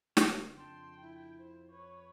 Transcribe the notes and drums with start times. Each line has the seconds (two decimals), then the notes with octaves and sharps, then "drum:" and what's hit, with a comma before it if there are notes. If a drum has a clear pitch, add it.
0.17 C#3 A#3 B3 D4 A#4, drum: snare
0.57 F2 G5 A5 C6
1.01 E4
1.37 C5
1.72 B4 C#5